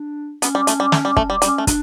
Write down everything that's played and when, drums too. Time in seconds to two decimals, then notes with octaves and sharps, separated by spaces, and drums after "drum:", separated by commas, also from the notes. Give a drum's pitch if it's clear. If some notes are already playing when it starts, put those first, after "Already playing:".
Already playing: D4
0.42 B3 C#4, drum: hi-hat
0.55 G3
0.67 A3, drum: hi-hat
0.80 G3
0.92 A3, drum: snare
1.05 G3
1.17 A3, drum: kick
1.30 G3
1.42 G3 C#4, drum: hi-hat
1.58 A3
1.67 D4, drum: kick, hi-hat